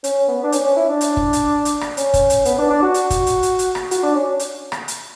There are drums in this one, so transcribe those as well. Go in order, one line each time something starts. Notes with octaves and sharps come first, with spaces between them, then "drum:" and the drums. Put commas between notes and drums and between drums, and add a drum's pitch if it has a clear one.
C#4, drum: hi-hat
B3
D4
C#4, drum: hi-hat
C#4
E4
D4
drum: hi-hat
drum: kick
drum: hi-hat
drum: hi-hat
drum: rim click
C#4, drum: hi-hat
drum: kick, hi-hat
drum: hi-hat
B3, drum: hi-hat
D4
D4
F#4
drum: hi-hat
drum: kick, hi-hat
drum: hi-hat
drum: hi-hat
drum: hi-hat
drum: rim click
F#4, drum: hi-hat
D4
C#4
drum: hi-hat
drum: rim click
drum: hi-hat